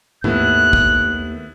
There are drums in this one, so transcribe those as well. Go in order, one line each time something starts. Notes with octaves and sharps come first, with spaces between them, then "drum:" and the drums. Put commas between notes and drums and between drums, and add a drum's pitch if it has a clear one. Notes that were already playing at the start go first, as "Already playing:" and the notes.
D#2 A3 B3 E4 F#6, drum: tom G#2
drum: kick